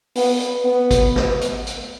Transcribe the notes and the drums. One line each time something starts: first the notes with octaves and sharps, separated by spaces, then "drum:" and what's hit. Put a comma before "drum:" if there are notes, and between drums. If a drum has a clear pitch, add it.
B3, drum: open hi-hat
drum: hi-hat
B3
drum: kick, hi-hat
drum: snare
drum: hi-hat
drum: hi-hat